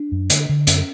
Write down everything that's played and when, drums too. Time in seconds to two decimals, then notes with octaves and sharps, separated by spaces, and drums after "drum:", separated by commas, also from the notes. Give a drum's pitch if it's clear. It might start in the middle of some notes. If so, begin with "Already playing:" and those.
Already playing: D4
0.12 F#2
0.30 D3, drum: hi-hat
0.49 D3
0.67 F#2 C#4, drum: hi-hat